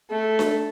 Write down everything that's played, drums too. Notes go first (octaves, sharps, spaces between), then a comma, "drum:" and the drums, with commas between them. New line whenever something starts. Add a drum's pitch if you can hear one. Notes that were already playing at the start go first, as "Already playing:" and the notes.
A3
drum: snare D4